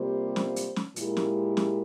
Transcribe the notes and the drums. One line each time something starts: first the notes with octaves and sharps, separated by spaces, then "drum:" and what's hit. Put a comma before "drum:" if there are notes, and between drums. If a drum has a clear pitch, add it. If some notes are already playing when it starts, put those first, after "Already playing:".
Already playing: C3 G3 A#3 F4 C5
drum: snare
drum: hi-hat
drum: snare
A#2 G#3 E4 G4 A#4, drum: hi-hat
drum: snare
drum: snare